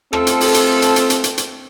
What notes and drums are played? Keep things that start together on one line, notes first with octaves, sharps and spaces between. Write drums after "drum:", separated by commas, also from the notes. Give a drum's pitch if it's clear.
A3 C4 F4 A4, drum: rim click
drum: hi-hat
drum: open hi-hat
drum: hi-hat
drum: hi-hat
drum: hi-hat
drum: hi-hat
drum: hi-hat
drum: hi-hat